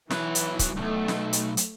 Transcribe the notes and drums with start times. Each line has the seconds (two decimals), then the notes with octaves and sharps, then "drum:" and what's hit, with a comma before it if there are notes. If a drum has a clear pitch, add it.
0.10 E3 F#3 B4, drum: snare
0.35 drum: hi-hat
0.59 drum: kick, hi-hat
0.76 B1 G2 A3
1.08 drum: snare
1.33 drum: hi-hat
1.57 drum: hi-hat